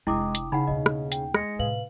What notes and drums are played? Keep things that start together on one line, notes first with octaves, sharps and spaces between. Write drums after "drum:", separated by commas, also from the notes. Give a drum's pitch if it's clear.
F1 G#3 D4 E4 G5 D6 D#6
drum: hi-hat
C#3 D#4 F#5 B5
D#2 B2 D#5
drum: rim click
G5, drum: hi-hat
G#3 A#6 C#7, drum: rim click
A2 C3 B4 F5 F#7